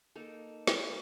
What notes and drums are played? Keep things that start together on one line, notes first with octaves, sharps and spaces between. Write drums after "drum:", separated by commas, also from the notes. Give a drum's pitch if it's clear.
A#3 D#4 A4
drum: snare